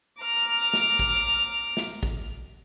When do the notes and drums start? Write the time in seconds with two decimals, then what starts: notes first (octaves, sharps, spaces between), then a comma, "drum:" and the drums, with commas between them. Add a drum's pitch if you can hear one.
0.22 A#5 D6 F6
0.73 drum: snare
0.99 drum: kick
1.77 drum: snare
2.03 drum: kick